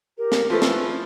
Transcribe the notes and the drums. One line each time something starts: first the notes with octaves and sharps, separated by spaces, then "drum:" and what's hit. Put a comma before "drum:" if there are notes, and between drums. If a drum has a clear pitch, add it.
G4 A#4
drum: snare
F3 A3 C#4 E4 B4
drum: snare